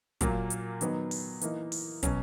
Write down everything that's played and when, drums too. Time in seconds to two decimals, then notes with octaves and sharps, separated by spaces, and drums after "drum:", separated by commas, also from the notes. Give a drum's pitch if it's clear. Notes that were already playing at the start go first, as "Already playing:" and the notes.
0.21 A#2 F#3 A#3, drum: kick, hi-hat
0.50 drum: hi-hat
0.81 D#3 F#3 B3 D#4, drum: hi-hat
1.11 drum: open hi-hat
1.42 E3 A#3 D#4, drum: hi-hat
1.72 drum: open hi-hat
2.03 B2 F#3 C#4, drum: kick, hi-hat